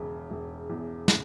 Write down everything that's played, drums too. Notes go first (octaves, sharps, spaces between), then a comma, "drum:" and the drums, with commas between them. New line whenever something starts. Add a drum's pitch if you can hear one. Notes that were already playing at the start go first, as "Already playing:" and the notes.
Already playing: E1 C#3
E1
E2
C#3, drum: snare